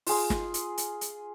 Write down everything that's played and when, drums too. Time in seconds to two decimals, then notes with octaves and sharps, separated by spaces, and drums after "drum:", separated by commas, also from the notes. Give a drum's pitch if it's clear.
0.07 F4 G#4 C6, drum: open hi-hat
0.30 drum: snare
0.54 drum: hi-hat
0.78 drum: hi-hat
1.01 drum: hi-hat